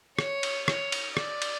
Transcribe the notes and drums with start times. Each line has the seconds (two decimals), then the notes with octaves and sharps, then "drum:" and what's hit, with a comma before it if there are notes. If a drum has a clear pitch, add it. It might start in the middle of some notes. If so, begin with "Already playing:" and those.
0.19 C#5, drum: rim click
0.43 drum: cymbal
0.68 C#5, drum: rim click
0.92 drum: cymbal
1.17 D5, drum: rim click
1.42 drum: cymbal